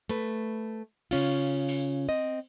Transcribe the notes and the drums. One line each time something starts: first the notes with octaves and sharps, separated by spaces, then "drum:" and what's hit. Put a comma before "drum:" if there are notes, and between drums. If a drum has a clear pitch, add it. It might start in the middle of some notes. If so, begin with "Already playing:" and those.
A3 B4, drum: hi-hat
C#3 C#4 F4, drum: cymbal
drum: open hi-hat
C4 D#5